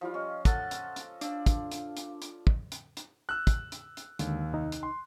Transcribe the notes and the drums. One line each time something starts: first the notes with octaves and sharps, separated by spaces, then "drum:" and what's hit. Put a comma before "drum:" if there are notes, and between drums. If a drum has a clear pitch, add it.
F3 G3 E4 F4
C#4 D#5
A4 D#5 F#5 F#6 A6, drum: kick, hi-hat
drum: hi-hat
drum: hi-hat
D4 D5 F5, drum: hi-hat
drum: kick, hi-hat
drum: hi-hat
drum: hi-hat
drum: hi-hat
drum: kick
drum: hi-hat
drum: hi-hat
E6 F#6
drum: kick, hi-hat
drum: hi-hat
drum: hi-hat
D#2 D3 G#3, drum: hi-hat
C2 D#4
drum: hi-hat
C6